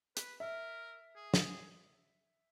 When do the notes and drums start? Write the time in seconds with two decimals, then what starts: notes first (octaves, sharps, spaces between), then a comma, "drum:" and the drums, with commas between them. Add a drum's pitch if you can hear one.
0.17 B4, drum: hi-hat
0.40 A#4 E5
1.15 G#4
1.34 drum: snare